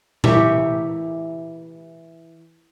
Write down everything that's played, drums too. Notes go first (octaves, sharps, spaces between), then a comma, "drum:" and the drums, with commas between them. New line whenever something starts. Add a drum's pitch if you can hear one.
E3 G4 E5 C#6, drum: tom A#2